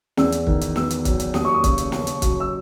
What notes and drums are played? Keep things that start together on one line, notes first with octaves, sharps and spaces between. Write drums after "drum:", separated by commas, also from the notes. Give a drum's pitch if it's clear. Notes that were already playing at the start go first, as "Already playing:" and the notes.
E2 E6, drum: snare
drum: hi-hat
D#3, drum: kick
drum: hi-hat
B3 E6, drum: snare
drum: hi-hat
F#3, drum: kick, hi-hat
drum: hi-hat
D#2 D#6, drum: snare
C#6
D#6
C#3, drum: kick, hi-hat
drum: hi-hat
C#4, drum: snare
drum: hi-hat
F#3, drum: kick, hi-hat
E6